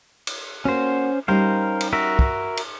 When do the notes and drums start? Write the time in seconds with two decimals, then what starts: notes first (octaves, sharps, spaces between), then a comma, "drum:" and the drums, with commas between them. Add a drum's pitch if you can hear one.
0.27 drum: cymbal
0.65 A#3 C#4 F#4 C5
1.28 G3 C#4 D#4 A#4 C5 F5
1.81 drum: cymbal
1.93 F#4 A#4 E5
2.19 drum: kick
2.57 drum: cymbal